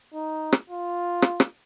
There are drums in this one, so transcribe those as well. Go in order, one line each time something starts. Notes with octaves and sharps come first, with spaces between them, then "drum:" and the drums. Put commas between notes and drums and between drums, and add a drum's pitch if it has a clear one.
D#4
drum: rim click
F4
drum: rim click
drum: rim click